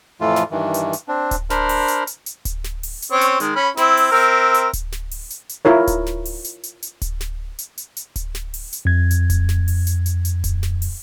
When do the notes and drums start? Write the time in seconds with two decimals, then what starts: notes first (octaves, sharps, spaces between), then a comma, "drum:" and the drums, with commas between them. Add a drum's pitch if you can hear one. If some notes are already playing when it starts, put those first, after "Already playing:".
0.21 F2 A2 E3 A3 F4
0.36 drum: snare
0.51 G2 D#3 E3
0.74 drum: hi-hat
0.93 drum: hi-hat
1.08 C4 D4
1.31 drum: kick D1, hi-hat
1.50 D4 A#4 C5 B5 F6, drum: snare
1.69 drum: open hi-hat
1.88 drum: hi-hat
2.07 drum: hi-hat
2.26 drum: hi-hat
2.45 drum: kick D1, hi-hat
2.64 drum: snare
2.83 drum: open hi-hat
3.02 drum: hi-hat
3.12 C4 C#4 C#5
3.21 drum: hi-hat
3.40 D#3 G#3, drum: hi-hat
3.56 C#4 B5
3.77 C4 E4, drum: snare
3.97 drum: open hi-hat
4.12 C4 A#4 E5
4.54 drum: hi-hat
4.73 drum: kick D1, hi-hat
4.92 drum: snare
5.11 drum: open hi-hat
5.30 drum: hi-hat
5.49 drum: hi-hat
5.65 E4 F4 A#4 C#5
5.87 drum: kick D1, hi-hat
6.06 drum: snare
6.25 drum: open hi-hat
6.44 drum: hi-hat
6.63 drum: hi-hat
6.82 drum: hi-hat
7.02 drum: kick D1, hi-hat
7.21 drum: snare
7.59 drum: hi-hat
7.78 drum: hi-hat
7.97 drum: hi-hat
8.16 drum: kick D1, hi-hat
8.35 drum: snare
8.54 drum: open hi-hat
8.73 drum: hi-hat
8.85 F2 G#6
9.11 drum: hi-hat
9.30 drum: kick D1, hi-hat
9.49 drum: snare
9.68 drum: open hi-hat
9.87 drum: hi-hat
10.06 drum: hi-hat
10.25 drum: hi-hat
10.44 drum: kick D1, hi-hat
10.63 drum: snare
10.82 drum: open hi-hat